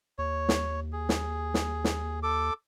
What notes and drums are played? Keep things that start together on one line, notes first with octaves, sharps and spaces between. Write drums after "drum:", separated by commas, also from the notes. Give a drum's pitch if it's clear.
D#2 C#5
drum: snare
G#4
drum: snare
drum: snare
drum: snare
A4 D6